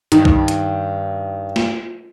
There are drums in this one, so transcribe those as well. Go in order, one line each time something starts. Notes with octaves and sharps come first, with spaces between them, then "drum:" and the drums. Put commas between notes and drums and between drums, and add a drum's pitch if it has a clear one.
G2 D#3, drum: hi-hat
drum: kick
drum: hi-hat
drum: snare